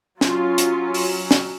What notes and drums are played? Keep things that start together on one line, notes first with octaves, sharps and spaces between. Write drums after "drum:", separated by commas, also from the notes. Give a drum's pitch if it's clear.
F#3 C#4 F4, drum: snare
drum: hi-hat
drum: open hi-hat
drum: snare